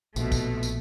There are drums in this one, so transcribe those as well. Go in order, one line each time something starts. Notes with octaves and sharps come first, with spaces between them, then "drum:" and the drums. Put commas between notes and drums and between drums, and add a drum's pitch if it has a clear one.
A#1 B2 A3, drum: tambourine
drum: kick, tambourine
drum: tambourine